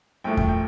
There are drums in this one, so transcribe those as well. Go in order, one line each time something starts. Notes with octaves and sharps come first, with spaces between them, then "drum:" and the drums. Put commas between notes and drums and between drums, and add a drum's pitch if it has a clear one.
A#1 A2 F3 A3 G5
G5, drum: kick E2
G5